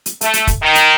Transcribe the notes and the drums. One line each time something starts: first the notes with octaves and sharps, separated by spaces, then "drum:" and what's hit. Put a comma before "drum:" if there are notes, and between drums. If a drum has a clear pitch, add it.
drum: hi-hat
A3, drum: hi-hat
drum: hi-hat
drum: kick, hi-hat
D#3
drum: hi-hat